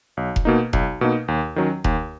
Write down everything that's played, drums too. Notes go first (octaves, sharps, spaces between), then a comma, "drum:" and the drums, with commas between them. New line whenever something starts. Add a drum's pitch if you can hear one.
B1
drum: kick F1
B2 A#3 D#4
B1, drum: kick F1
B2 A#3 D#4
D#2
D#3 F#3 C#4
D#2, drum: kick F1